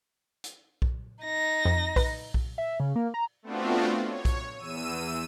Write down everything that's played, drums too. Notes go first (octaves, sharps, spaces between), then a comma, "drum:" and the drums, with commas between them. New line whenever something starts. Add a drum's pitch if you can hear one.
drum: hi-hat
drum: kick B1
D#4 A#6
F2
B4, drum: kick B1, open hi-hat
drum: kick B1
E5
C#3
A#3
A#5
A3 B3 C4 D4 F4 F#4
C#5
drum: kick B1, hi-hat
E2 E6 D#7